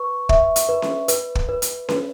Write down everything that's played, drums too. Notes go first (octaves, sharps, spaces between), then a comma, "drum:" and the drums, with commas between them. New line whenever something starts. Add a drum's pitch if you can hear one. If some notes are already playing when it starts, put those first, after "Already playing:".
Already playing: B4 C#6
E5, drum: kick
drum: hi-hat
B4
drum: snare C#4
B4, drum: hi-hat
drum: kick
B4
drum: hi-hat
B4, drum: snare C#4